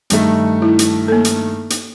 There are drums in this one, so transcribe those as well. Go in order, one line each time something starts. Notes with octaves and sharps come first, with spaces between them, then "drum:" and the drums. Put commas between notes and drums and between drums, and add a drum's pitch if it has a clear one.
G2 D#3 A3, drum: hi-hat
E4
drum: hi-hat
A#3 A4
drum: hi-hat
drum: hi-hat